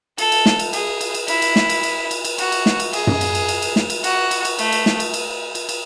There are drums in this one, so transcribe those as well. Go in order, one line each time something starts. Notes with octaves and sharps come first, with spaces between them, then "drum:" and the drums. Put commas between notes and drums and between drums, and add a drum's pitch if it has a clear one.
A4, drum: cymbal
drum: cymbal
drum: snare
drum: cymbal
G#4, drum: cymbal
drum: cymbal
drum: cymbal
E4, drum: cymbal
drum: cymbal
drum: snare
drum: cymbal
drum: cymbal
drum: cymbal
drum: cymbal
F#4, drum: cymbal
drum: cymbal
drum: snare
drum: cymbal
G#4, drum: cymbal
drum: tom F#2
drum: cymbal
drum: cymbal
drum: cymbal
drum: cymbal
drum: snare
drum: cymbal
F#4, drum: cymbal
drum: cymbal
drum: cymbal
A3, drum: cymbal
drum: cymbal
drum: snare
drum: cymbal
drum: cymbal
drum: cymbal
drum: cymbal